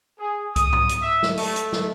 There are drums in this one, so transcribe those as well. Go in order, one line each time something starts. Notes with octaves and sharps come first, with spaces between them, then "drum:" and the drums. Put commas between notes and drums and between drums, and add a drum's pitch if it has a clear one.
G#4
D#6, drum: kick C2, hi-hat
drum: tom G#2
drum: hi-hat
E5
drum: snare
A3, drum: open hi-hat
drum: hi-hat
drum: snare